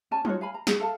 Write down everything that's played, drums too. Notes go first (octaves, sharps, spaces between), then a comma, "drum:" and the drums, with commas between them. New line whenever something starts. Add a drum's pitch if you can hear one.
C#4 D5 G#5 A5
D#4 F4 F#4 C#5, drum: tom F#3
F5 G#5 B5
A#5
G#4, drum: snare
A4 F5 A5